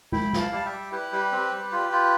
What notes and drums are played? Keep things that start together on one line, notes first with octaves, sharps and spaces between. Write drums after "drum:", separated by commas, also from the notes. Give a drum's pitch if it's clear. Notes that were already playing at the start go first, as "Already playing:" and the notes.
E4 G5 B5, drum: tom G#3
E4, drum: snare
F5 A5
G3 A5
E5 G5
G3
E4 G4 B4
G3
C4
G3
F4
F4